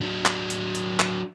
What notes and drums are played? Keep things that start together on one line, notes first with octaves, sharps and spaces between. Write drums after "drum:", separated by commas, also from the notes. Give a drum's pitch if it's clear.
F#3 D4
drum: clap
drum: hi-hat
drum: hi-hat
drum: clap